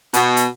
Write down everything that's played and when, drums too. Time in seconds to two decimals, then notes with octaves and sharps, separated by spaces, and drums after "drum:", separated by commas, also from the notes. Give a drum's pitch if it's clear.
0.14 B2, drum: hi-hat
0.37 drum: hi-hat